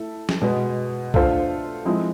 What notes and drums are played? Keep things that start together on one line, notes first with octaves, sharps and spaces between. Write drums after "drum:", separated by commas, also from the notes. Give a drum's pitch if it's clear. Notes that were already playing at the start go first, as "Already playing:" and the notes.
Already playing: A3 E4 A4
drum: snare
B2 G#3 B3
A3 D4 F4 A4 C5, drum: kick C2
F3 G#3 C4 E4